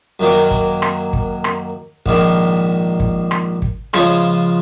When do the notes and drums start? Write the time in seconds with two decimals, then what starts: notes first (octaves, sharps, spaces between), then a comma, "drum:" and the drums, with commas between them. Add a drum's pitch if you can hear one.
0.20 F#2 D#3 F#3 A#3
0.51 drum: kick
0.82 drum: rim click
1.13 drum: kick
1.44 drum: rim click
2.06 A#1 G#2 D#3, drum: kick
3.00 drum: kick
3.31 drum: rim click
3.62 drum: kick
3.93 C#3 F3 G#3 C#4, drum: rim click